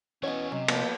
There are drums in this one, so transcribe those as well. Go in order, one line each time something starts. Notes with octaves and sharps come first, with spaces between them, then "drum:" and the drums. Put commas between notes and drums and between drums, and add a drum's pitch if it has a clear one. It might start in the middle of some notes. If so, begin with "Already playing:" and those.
E3 B3 C#4 F#4 C#5 D#5
C3 F#3 D#5
F3 A#3 B3, drum: cymbal